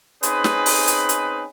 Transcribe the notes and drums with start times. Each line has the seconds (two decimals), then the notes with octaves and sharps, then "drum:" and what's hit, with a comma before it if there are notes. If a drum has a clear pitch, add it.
0.23 C4 C#4 D#4 G#4 B4, drum: hi-hat
0.44 drum: snare
0.66 drum: open hi-hat
0.87 drum: hi-hat
1.09 drum: hi-hat